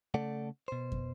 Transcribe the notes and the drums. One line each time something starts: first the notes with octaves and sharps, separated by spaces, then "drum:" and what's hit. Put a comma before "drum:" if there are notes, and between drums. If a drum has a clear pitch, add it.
C#3 A3 A4 D5 F#5
B2 C5
drum: kick